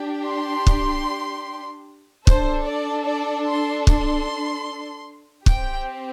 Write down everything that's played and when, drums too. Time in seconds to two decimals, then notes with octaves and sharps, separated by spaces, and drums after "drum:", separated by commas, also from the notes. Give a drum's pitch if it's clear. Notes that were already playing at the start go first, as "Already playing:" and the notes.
Already playing: D4 G4
0.26 C6
0.67 drum: kick
2.27 D4 A4 C5, drum: kick
2.67 D5
3.06 D5
3.46 C6
3.87 C6, drum: kick
5.46 C4 G4 G5, drum: kick